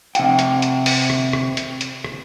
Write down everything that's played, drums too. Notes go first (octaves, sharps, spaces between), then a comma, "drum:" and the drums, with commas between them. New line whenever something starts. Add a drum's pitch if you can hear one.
C3 F#5 G5, drum: hi-hat
drum: hi-hat
drum: hi-hat
drum: open hi-hat
drum: rim click
drum: rim click
drum: hi-hat
drum: hi-hat
drum: rim click